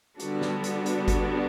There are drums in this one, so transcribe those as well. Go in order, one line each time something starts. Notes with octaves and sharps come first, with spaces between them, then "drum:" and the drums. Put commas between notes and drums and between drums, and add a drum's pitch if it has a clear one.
D3 G3 B3 D4 F#4, drum: hi-hat
drum: snare
drum: hi-hat
drum: hi-hat
drum: kick G1, hi-hat